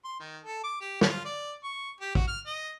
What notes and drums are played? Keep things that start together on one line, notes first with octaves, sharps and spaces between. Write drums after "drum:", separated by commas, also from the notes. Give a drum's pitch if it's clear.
C6
D#3
A4
D6
G4
F4, drum: snare
D5
C#6
G4
F#4, drum: kick
F6
D#5